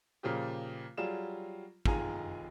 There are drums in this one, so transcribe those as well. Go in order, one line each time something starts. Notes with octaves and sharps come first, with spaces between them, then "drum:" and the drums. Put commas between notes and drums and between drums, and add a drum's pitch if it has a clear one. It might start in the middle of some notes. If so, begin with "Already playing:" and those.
A#2 C#3 F3 F4 G4
F#3 G3 F4 G#4 E7
F1 D#3 F4 G#4 G#5 A#5, drum: kick